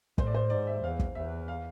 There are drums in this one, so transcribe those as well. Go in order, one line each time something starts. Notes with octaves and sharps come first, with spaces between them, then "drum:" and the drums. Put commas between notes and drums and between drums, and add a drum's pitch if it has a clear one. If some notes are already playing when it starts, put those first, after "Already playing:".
A2 C5, drum: kick
D5
C5
G#2 D5
E5
E2 F5
drum: kick
E2 E5
F5